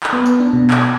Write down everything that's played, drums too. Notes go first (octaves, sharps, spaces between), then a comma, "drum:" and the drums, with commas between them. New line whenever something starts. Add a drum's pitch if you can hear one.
drum: clap
B3
drum: tambourine
D4
B2
G#6, drum: clap